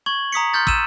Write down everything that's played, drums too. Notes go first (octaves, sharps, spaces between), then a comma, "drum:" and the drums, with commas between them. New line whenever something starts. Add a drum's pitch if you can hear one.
C#6 G#6 F#7
A#5 D#6 B6 C#7
C6 F6 G6 A6
E6 D#7 E7, drum: kick